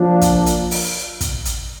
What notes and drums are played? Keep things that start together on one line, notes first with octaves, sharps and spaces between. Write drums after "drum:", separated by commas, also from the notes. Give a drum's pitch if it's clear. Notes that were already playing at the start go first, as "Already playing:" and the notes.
Already playing: F3 A#3 D4
drum: kick, hi-hat
drum: hi-hat
drum: open hi-hat
drum: kick, hi-hat
drum: hi-hat